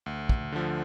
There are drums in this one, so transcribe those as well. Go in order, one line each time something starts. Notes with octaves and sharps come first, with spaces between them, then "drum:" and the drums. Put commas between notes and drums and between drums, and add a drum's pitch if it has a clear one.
D2
drum: kick
D3 F3